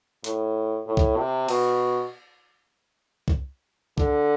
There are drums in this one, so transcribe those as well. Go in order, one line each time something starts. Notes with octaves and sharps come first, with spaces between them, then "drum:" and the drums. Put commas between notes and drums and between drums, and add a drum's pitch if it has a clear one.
A2, drum: hi-hat
A2
drum: kick
C3
B2, drum: cymbal
drum: kick
D3, drum: kick